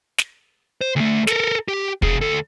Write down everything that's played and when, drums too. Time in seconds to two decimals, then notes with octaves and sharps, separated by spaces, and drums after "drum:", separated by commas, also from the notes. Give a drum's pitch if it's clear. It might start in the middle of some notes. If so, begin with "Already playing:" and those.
0.18 drum: snare
0.81 C5
0.96 D2 A3
1.27 A4 A#4, drum: snare
1.68 G4
2.02 B2 G#4, drum: kick
2.21 D2 A4